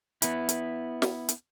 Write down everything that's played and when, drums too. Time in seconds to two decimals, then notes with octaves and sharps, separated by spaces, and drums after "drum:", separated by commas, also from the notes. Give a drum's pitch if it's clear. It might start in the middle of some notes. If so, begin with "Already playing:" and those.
0.22 B3 E4, drum: hi-hat
0.49 drum: hi-hat
1.02 drum: snare
1.29 drum: hi-hat